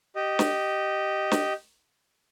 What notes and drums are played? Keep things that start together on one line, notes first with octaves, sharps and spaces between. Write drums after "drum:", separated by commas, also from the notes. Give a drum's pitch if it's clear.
G4 D#5
drum: snare
drum: snare